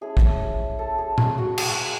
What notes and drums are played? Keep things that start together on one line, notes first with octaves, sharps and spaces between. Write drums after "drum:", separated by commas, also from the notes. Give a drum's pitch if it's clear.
A3 C#4 E4 G#4
drum: kick
A4
G#4
G#4, drum: tom A#2
F#4
G#4, drum: cymbal